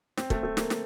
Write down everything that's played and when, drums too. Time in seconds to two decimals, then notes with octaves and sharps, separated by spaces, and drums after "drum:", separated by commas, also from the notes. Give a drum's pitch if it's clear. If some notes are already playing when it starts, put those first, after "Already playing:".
0.17 C4, drum: snare
0.30 A3, drum: kick
0.43 A3
0.57 A#3, drum: snare
0.70 drum: snare